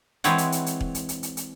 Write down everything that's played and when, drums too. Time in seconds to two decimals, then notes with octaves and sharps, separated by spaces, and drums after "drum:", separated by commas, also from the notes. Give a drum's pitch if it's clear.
0.24 E3 G#3 C4 C#5 F#5, drum: hi-hat
0.38 drum: hi-hat
0.52 drum: hi-hat
0.66 drum: hi-hat
0.80 drum: kick E1
0.95 drum: hi-hat
1.09 drum: hi-hat
1.23 drum: hi-hat
1.37 drum: hi-hat